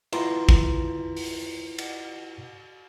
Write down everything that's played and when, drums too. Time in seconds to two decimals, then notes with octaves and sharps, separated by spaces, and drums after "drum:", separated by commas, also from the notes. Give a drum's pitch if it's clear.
0.13 E4 F4 B4 A#5 C6, drum: cymbal
0.49 drum: kick G#1
1.17 drum: open hi-hat
1.78 drum: cymbal